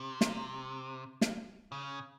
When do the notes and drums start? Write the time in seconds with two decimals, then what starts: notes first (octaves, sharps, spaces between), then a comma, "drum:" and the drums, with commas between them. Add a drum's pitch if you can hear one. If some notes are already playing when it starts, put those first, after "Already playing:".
Already playing: C3
0.21 drum: snare
1.21 drum: snare
1.72 C#3